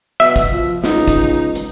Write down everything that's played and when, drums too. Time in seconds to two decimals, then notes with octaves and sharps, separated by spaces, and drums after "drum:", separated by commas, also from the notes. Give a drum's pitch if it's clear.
0.20 B2 E5
0.36 drum: kick, hi-hat
0.52 F3
0.84 C#2 D#4, drum: snare
1.08 drum: kick, hi-hat
1.55 drum: hi-hat